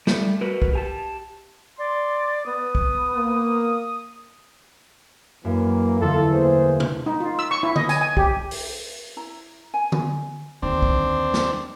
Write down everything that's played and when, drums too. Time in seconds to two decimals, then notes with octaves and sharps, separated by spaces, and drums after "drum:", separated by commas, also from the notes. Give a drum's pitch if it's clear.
0.07 G3 A3, drum: snare
0.41 F#4 A#4 B4
0.62 drum: kick
0.73 G4 G#5 A5
1.79 D5 C6
2.46 B3 D#6
2.75 drum: kick
3.15 A#3
5.45 F#2 E3 A#3
6.01 E2 D3 F4 A4
6.32 A3 A#3 G#4 C5
6.80 drum: tom B2
7.06 D#4
7.20 F4
7.39 E6
7.51 C#6
7.63 E4
7.76 D#5, drum: tom D3
7.89 G#5, drum: tambourine
8.01 G#5
8.17 G4, drum: kick
8.51 drum: open hi-hat
9.17 E4 A#5
9.74 G#5
9.92 drum: tom D3
10.62 D#2 D3 C4 D4
10.82 drum: kick
11.34 drum: snare